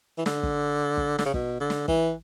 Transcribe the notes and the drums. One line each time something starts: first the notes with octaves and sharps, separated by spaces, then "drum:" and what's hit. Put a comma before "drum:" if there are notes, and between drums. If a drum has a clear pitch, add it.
E3
D3, drum: snare
drum: kick
drum: kick
D3, drum: snare
C#3
B2, drum: kick
D3
drum: snare
E3, drum: kick